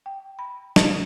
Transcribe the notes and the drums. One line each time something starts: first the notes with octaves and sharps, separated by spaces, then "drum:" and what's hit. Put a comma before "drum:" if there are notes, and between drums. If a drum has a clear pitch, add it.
G5
B5
drum: snare